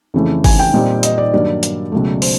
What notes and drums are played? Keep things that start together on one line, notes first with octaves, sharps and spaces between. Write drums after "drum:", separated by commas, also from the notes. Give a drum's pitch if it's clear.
F2 C#3 E3 A3
G#5, drum: kick, open hi-hat
G5
A#2 G3 C4 D#4
D#5, drum: hi-hat
D5
G2 D#3 F#3 A#3 D5
drum: hi-hat
C#2 B2 F#3 A3
C5, drum: open hi-hat